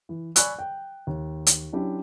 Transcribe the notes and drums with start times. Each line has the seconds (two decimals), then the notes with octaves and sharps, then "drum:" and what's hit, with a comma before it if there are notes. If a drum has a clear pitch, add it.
0.09 E3
0.36 D5 G#5 B5 C#6 E6 F#6, drum: hi-hat
0.59 G5
1.07 D#2
1.47 drum: hi-hat
1.72 F#3 C#4 D4 E4 G4